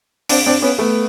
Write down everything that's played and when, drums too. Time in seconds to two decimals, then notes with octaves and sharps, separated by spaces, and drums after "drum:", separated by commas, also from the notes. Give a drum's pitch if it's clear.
0.29 C4 D4, drum: open hi-hat
0.46 C4 D4
0.62 B3 C#4
0.78 A3 B3